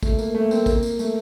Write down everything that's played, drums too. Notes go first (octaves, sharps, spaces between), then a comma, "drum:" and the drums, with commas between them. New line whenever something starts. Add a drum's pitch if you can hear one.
A3, drum: kick, tambourine
A#3, drum: tambourine
A3
A#3
C4, drum: tambourine
A3
A#3, drum: kick, tambourine
drum: tambourine
A3, drum: tambourine